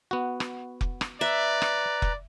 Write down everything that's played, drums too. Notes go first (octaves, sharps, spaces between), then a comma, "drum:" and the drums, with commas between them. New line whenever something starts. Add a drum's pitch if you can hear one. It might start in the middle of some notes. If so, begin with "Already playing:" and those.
B3 F#4
drum: rim click
drum: kick F1
drum: rim click
B4 D5 E5 A#5
drum: rim click
drum: kick F1